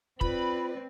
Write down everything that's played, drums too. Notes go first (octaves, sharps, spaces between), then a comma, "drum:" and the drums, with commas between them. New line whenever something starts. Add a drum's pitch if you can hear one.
C4 F4 B4 D5 B5, drum: kick